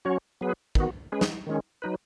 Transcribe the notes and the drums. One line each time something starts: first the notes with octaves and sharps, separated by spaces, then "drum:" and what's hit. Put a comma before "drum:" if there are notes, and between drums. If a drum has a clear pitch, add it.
F#3 C#4 F#4 C#5
F#3 B3 G#4 B4
D#3 B3 F#4, drum: kick
G#3 C#4 G#4 B4
drum: snare
D#3 G#3 C#4
F#3 D#4 B4